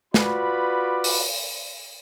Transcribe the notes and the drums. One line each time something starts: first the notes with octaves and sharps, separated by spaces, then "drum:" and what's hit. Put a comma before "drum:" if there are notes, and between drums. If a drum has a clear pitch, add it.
F4 F#4 B4 D5 B5 D6, drum: snare
drum: open hi-hat